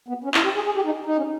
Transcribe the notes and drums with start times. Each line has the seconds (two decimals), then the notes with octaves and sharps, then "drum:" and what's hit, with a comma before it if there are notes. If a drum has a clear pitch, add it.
0.08 B3
0.24 C#4
0.34 E4, drum: clap
0.44 G4
0.55 G#4
0.65 G#4
0.76 G4
0.86 D#4
1.05 D#4
1.17 C#4